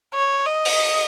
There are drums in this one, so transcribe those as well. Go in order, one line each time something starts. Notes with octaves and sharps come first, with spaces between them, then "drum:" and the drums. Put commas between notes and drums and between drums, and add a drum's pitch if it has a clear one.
C#5
D#5
drum: open hi-hat